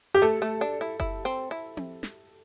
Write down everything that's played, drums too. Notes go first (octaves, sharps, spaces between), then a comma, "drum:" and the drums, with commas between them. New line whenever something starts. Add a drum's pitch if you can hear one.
G4
A3 A4
A3
D4
E4
E4, drum: kick F#1
C4
E4
drum: tom C4
drum: snare